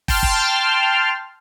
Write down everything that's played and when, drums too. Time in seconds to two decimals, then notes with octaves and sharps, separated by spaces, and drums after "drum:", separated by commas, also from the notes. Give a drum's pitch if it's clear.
0.08 G5 A5 C6 F6, drum: kick
0.23 drum: kick